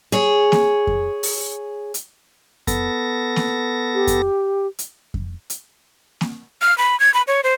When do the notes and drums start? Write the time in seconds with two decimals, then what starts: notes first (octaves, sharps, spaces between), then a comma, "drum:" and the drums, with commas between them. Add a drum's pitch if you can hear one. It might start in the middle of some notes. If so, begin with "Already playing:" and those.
0.12 G#4 C#5
0.52 drum: snare A#3
0.87 drum: kick F2
1.23 drum: open hi-hat
1.94 drum: hi-hat
2.67 B3 A4 A#6, drum: kick F2, hi-hat
3.36 drum: snare A#3
3.94 G4
4.07 drum: kick F2, hi-hat
4.79 drum: hi-hat
5.14 drum: kick F2
5.50 drum: hi-hat
6.21 drum: snare A#3
6.62 F6
6.78 B5
7.00 G#6
7.14 B5
7.27 C#5
7.44 C5